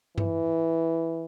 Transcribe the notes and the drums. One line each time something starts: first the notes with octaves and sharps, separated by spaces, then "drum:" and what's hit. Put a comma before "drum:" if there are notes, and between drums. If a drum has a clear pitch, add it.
E3, drum: tom G2